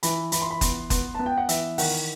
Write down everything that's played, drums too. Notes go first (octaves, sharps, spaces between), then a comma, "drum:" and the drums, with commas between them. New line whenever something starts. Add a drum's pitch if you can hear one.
E3 B5, drum: hi-hat
E3 B5, drum: hi-hat
C6
B5
B3 C6, drum: kick F#1, hi-hat
B3 C6, drum: kick F#1, hi-hat
B3 A5
G5
F#5
E3 E5, drum: hi-hat
D#3 F#5, drum: open hi-hat